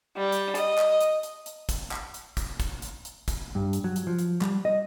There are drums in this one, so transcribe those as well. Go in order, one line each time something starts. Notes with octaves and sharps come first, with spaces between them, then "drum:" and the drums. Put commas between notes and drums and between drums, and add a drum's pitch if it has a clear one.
G3
drum: hi-hat
D#5, drum: hi-hat
drum: clap
drum: hi-hat
drum: hi-hat
drum: hi-hat
drum: kick, hi-hat
drum: clap
drum: hi-hat
drum: kick, hi-hat
drum: kick, hi-hat
drum: hi-hat
drum: hi-hat
drum: kick, hi-hat
G2
drum: hi-hat
F#3
drum: hi-hat
F3
drum: hi-hat
G3, drum: clap
D#5